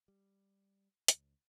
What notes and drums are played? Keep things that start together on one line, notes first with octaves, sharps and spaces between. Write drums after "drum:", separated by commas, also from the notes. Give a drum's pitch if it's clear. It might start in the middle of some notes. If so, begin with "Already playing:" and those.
G3
C#2, drum: hi-hat